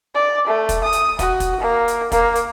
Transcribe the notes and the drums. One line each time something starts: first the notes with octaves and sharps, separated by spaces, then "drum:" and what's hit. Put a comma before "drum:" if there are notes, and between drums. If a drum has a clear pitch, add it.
D5
A3
drum: kick, hi-hat
D#6
drum: hi-hat
F#4, drum: kick, hi-hat
drum: kick, hi-hat
A#3
drum: hi-hat
A#3, drum: kick, hi-hat
drum: hi-hat